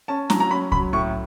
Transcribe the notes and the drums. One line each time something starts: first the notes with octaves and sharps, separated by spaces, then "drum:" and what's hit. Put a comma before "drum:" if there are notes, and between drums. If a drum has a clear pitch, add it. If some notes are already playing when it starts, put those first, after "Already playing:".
C#4 A5
F#3 A#5, drum: snare
A#5
C#4 B5
F#3 B5, drum: kick C2
A2 C#6